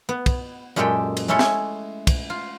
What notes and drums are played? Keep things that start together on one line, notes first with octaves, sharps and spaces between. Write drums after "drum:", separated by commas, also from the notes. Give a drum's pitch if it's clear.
B3
drum: kick, cymbal
F#2 A#2 G#3 G4 A4 G5
drum: cymbal
G#3 A3 C#4 E4 A4 C#5
drum: snare
drum: kick, cymbal
F4